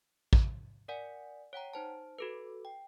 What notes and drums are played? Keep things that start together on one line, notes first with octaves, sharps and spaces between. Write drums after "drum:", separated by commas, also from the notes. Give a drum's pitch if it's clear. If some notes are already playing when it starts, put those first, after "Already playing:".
drum: kick A1
A#4 D5 F#5 G#5
C#5 F#5 G5 A#5
D#4 C5 A5
F#4 A4 B4
G5